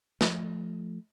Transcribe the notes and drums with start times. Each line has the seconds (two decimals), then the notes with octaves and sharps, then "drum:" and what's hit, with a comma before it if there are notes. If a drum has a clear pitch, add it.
0.21 F3 A3, drum: snare